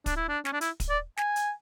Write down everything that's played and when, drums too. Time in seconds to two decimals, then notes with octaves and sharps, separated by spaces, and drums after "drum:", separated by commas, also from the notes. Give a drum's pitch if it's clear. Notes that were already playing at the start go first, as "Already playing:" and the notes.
0.06 D4, drum: kick, hi-hat
0.16 E4
0.29 D4
0.45 C#4, drum: snare
0.53 D4
0.61 E4, drum: hi-hat
0.80 drum: kick, hi-hat
0.90 D5
1.18 G#5, drum: snare
1.36 drum: hi-hat